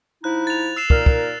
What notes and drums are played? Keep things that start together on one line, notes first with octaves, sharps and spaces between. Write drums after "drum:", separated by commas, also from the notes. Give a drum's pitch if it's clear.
F3 D#4 E4 F#6
A6 F7
E6 C7 E7
A#2 D#4 A#4, drum: kick
drum: kick